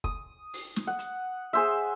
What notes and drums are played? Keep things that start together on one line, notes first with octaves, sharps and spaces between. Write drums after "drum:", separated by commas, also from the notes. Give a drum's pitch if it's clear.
D#6, drum: kick
drum: open hi-hat
drum: snare
F#5
drum: hi-hat
G#4 C5 E5